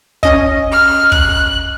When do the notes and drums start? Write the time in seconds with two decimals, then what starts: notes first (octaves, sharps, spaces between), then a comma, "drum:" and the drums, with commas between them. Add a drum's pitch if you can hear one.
0.23 C#4 D#5, drum: kick
0.72 F6
1.12 F#6, drum: kick